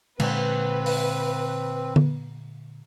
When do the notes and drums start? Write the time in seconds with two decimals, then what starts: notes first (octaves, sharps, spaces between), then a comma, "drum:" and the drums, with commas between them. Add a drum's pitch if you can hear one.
0.20 A#2 D3 G#3 C4 B4, drum: cymbal
0.86 drum: open hi-hat
1.96 drum: tom D3